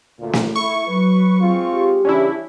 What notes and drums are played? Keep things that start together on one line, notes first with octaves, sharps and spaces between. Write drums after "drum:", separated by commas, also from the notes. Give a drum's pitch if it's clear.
D2 A#2
drum: snare
E4 C#6
F#3 B4
G#3 C4 F4
G4
C#3 E3 G3 C#4 D4 E4